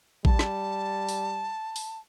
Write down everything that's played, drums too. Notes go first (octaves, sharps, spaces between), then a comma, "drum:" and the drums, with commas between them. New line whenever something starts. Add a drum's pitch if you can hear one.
G3 A5, drum: kick A1
drum: snare
drum: open hi-hat
drum: open hi-hat